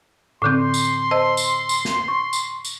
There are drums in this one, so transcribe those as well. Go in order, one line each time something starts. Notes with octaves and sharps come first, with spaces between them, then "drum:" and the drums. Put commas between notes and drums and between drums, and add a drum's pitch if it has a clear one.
A2 D3 C4 C6 D6 G6
drum: tambourine
C5 D#5 A5 E6
drum: tambourine
drum: tambourine
drum: snare
C#6
drum: tambourine
drum: tambourine